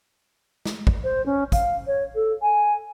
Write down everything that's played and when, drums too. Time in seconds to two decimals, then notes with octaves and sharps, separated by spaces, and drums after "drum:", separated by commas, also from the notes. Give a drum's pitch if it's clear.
0.66 drum: snare
0.87 drum: kick
1.03 C5
1.26 C#4
1.52 F5, drum: kick, hi-hat
1.87 C#5
2.15 A4
2.42 G#5